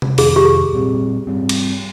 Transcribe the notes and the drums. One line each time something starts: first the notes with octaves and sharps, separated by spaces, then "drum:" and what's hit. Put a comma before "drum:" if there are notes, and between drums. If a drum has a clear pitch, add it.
drum: tom C3
F2 C3 D#3 G#4, drum: open hi-hat
G4
G#4
A#2 G3 C4
G#2 G3 C4
drum: cymbal